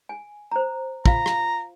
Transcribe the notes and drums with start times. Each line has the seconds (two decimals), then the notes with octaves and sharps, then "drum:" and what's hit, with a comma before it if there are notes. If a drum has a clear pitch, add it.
0.09 G#5
0.51 C5 A#5
1.06 F4 F5 A#5, drum: kick
1.26 drum: rim click